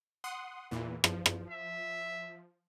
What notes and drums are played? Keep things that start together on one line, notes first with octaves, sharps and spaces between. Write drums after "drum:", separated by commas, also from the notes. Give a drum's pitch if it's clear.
F#5 C6 D#6
E2 A#2 E3
F3, drum: rim click
drum: rim click
E5